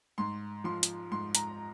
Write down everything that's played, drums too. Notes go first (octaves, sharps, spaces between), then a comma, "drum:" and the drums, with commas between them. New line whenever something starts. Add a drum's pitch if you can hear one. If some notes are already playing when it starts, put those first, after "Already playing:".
G#2 C6
F3 C6
drum: hi-hat
G#2 C6
A#5, drum: hi-hat